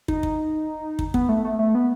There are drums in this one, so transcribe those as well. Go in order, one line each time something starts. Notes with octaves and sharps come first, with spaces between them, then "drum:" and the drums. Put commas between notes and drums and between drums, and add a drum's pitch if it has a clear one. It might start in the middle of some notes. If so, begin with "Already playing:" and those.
D#4, drum: kick
drum: kick
drum: kick
B3, drum: kick
A3
A3
A3
B3